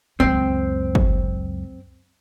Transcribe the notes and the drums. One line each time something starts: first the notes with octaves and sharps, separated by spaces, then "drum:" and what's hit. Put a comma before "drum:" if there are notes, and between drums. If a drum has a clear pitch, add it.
C#2 F#2 C4
drum: kick G1